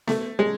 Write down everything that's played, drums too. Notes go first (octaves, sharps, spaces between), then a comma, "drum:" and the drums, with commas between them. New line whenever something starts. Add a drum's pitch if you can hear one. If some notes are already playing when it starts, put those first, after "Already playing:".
A3, drum: snare B3
G#3